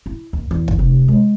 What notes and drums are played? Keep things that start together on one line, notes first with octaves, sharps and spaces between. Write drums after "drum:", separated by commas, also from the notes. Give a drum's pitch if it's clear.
E4
D#2
E2
drum: kick
C3
G#3